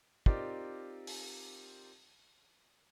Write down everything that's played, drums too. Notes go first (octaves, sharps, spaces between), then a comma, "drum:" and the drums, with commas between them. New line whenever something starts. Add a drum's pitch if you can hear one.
C4 D#4 F4 G4 A#4 D5, drum: kick
drum: open hi-hat